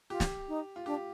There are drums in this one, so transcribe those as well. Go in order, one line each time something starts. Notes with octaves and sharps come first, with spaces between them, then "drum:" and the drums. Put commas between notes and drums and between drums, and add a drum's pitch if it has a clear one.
F4 G4
drum: snare
D#4
F4
D4 G4